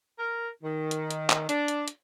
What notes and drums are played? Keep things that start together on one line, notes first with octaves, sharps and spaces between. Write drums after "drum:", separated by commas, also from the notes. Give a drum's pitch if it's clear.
A#4
D#3
drum: hi-hat
drum: hi-hat
drum: clap
D4, drum: hi-hat
drum: hi-hat
drum: hi-hat